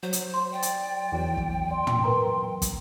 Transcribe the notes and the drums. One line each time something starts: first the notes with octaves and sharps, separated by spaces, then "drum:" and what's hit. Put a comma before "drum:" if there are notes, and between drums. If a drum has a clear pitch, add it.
F#3 C5
drum: hi-hat
C6
D5 G5
drum: hi-hat
E2 F#3
drum: kick
D5 C6
drum: tom
A#4 B4 A#5
drum: kick, hi-hat